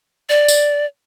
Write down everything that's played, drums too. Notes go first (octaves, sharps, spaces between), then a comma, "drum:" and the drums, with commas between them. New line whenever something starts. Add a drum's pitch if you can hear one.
D5
drum: tambourine